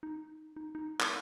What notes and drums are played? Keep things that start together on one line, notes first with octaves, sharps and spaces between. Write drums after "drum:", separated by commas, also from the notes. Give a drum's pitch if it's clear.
D#4
D#4
D#4
drum: clap